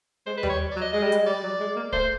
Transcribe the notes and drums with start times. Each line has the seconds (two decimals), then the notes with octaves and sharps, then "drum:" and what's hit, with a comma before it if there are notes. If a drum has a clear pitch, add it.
0.26 G#3 C5
0.38 B4
0.43 G3, drum: tom D#2
0.49 C#5
0.71 D5
0.76 F#3
0.81 D#5
0.93 G#3 D#5
1.03 G3
1.12 G#3, drum: hi-hat
1.26 G3 D5
1.43 F#3
1.60 G#3
1.76 A#3
1.92 A3 C5, drum: kick